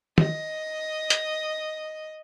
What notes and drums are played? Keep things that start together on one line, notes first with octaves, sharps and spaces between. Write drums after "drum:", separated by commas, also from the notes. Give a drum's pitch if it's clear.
D#5, drum: tom
drum: hi-hat